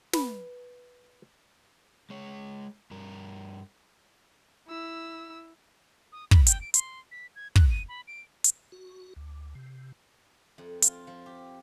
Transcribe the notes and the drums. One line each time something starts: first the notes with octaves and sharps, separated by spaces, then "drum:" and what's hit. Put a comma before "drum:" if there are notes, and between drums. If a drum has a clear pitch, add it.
B4, drum: snare
G#3 C#5
G2 A#4
E4 E6
D#6
B5, drum: kick
G5, drum: hi-hat
D7
C6, drum: hi-hat
B6
G#6
F#6, drum: kick
D#7
B5
D7
drum: hi-hat
F#4
D2
C3
F2
F4, drum: hi-hat
F3
G4